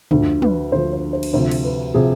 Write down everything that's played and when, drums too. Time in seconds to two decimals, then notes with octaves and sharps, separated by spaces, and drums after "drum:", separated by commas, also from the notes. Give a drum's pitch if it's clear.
0.11 D2 D3 F3, drum: tom
0.42 B4, drum: tom
0.72 D2 D3 F3 C5
0.93 C5
1.13 C5
1.23 drum: cymbal
1.33 D2 C3 F3 C5
1.51 drum: cymbal
1.64 B4
1.94 C3 F3 G#4